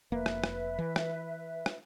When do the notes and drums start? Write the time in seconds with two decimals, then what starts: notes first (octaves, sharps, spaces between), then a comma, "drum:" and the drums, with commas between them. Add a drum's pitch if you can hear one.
0.12 F1 A#3 B4 E5
0.26 drum: rim click
0.44 drum: rim click
0.79 E3
0.96 drum: rim click
1.66 drum: rim click